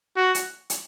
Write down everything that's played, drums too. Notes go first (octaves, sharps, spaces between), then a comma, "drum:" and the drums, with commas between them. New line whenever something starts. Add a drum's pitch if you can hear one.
F#4
drum: hi-hat
drum: hi-hat